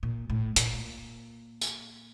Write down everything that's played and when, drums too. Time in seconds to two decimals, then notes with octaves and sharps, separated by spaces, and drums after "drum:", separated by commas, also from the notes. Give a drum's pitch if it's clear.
0.03 A#2
0.30 A2
0.56 A#2, drum: hi-hat
1.61 drum: tambourine